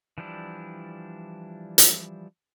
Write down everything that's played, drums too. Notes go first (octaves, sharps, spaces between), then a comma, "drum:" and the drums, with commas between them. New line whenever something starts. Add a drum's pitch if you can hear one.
E3 F3 G3 D4 E4
drum: hi-hat